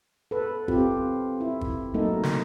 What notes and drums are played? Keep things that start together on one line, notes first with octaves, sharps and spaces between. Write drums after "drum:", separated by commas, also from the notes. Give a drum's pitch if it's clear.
A4 B4
C4 F4 G4, drum: kick
E4
drum: kick
F#3 A3 A#3 D#4 A4
drum: snare